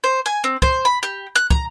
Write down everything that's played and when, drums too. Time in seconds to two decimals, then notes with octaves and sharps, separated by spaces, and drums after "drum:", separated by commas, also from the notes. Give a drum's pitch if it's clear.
0.04 C5
0.26 G#5
0.44 C4
0.62 C5, drum: kick
0.85 B5
1.03 G4
1.36 F#6
1.51 A#5, drum: kick